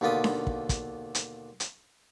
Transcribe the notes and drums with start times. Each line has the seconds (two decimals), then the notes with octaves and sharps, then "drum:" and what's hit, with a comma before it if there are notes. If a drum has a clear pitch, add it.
0.01 D#2 B2 D3 F4 B5 D#6
0.24 drum: snare D4
0.47 drum: kick
0.69 drum: kick, hi-hat
1.15 drum: hi-hat
1.60 drum: hi-hat